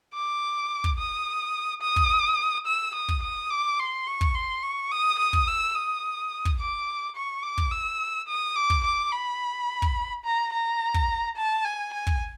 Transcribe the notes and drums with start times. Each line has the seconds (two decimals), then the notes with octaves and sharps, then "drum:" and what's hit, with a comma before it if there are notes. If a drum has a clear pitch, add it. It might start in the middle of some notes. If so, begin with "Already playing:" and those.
0.14 D6
0.84 drum: kick
0.98 D#6
1.82 D#6
1.96 drum: kick
2.66 E6
2.94 D#6
3.09 drum: kick
3.22 D#6
3.51 D6
3.79 C6
4.07 C#6
4.21 drum: kick
4.34 C6
4.63 C#6
4.92 D#6
5.19 D#6
5.33 drum: kick
5.47 E6
5.75 D#6
6.45 drum: kick
6.59 D6
7.15 C#6
7.43 D6
7.58 drum: kick
7.71 E6
8.28 D#6
8.56 D6
8.70 drum: kick
8.84 D6
9.12 B5
9.82 drum: kick
10.25 A#5
10.53 A#5
10.94 drum: kick
11.36 A5
11.65 G#5
11.93 G#5
12.07 drum: kick